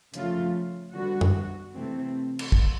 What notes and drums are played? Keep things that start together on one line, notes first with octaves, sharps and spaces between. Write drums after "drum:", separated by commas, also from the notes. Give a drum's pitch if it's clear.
C#3 F3 A3 F4, drum: hi-hat
D3 G3 B3 F#4
drum: tom
C3 E3 A3 C4
drum: cymbal
drum: kick